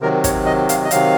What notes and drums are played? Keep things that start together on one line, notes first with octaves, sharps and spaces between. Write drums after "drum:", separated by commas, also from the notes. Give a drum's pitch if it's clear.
C3 D#3 F#3 A#4
C#5, drum: kick, hi-hat
D#5
F5, drum: hi-hat
D#5
C3 D#3 F#3 F5, drum: hi-hat